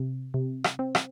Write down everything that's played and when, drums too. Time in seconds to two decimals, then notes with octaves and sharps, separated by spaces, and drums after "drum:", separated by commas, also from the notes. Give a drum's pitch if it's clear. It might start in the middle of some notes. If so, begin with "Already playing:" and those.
Already playing: C3
0.34 C3
0.64 drum: rim click
0.79 C4
0.95 drum: rim click